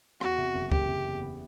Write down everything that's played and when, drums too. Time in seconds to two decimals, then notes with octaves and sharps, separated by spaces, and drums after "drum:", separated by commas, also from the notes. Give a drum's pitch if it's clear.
0.21 E2 F#4, drum: rim click
0.38 C3
0.54 F#1
0.72 F#1 G4, drum: kick C#2
0.88 F#1
1.04 E2
1.22 B3